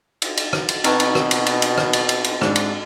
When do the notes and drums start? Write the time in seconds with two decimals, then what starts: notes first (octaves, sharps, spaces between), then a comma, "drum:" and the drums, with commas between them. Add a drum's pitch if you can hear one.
0.22 drum: cymbal
0.37 drum: cymbal
0.53 drum: rim click
0.69 drum: cymbal
0.84 B2 C4 D#4 B4 A5 A#5 C#6, drum: cymbal
1.00 drum: cymbal
1.15 drum: rim click
1.31 drum: cymbal
1.46 drum: cymbal
1.62 drum: cymbal
1.78 drum: rim click
1.93 drum: cymbal
2.09 drum: cymbal
2.24 drum: cymbal
2.41 G#2 D4, drum: rim click
2.56 drum: cymbal